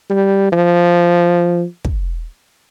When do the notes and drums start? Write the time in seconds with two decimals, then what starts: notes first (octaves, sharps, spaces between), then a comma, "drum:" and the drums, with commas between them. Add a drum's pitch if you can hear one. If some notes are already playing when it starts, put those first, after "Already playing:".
0.10 G3
0.52 F3
1.85 drum: kick